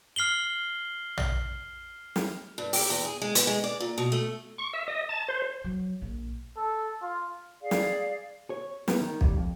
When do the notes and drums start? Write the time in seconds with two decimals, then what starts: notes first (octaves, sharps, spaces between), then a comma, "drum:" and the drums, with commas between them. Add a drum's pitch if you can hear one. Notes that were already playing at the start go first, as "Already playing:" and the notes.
0.16 F6 C7 F#7 G7
1.17 drum: tom A#1
2.16 drum: snare
2.58 G2
2.73 G4, drum: open hi-hat
2.90 E2
3.05 G#4
3.22 G#3
3.35 B3, drum: hi-hat
3.47 G#3
3.64 D5
3.81 A#2
3.98 B2
4.12 A3
4.58 C#6
4.73 E5
4.88 D#5
5.09 A5
5.28 C5
5.64 F#3
6.02 A#1
6.57 A4
7.02 F4
7.61 G#4 D5 F5
7.71 drum: snare
8.50 C#5
8.88 B3, drum: snare
9.01 D#3
9.21 G3, drum: kick B1
9.37 F2